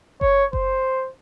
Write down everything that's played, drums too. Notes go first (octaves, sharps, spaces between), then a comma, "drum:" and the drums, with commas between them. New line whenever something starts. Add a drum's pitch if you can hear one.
C#5, drum: kick F#1
C5, drum: kick F#1